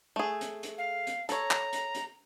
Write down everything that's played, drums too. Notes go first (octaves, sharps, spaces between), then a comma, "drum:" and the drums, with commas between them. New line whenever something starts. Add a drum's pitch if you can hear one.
A3 G#4
drum: hi-hat
drum: hi-hat
F5
drum: hi-hat
A4 C#5 A#5, drum: hi-hat
drum: clap
drum: hi-hat
drum: hi-hat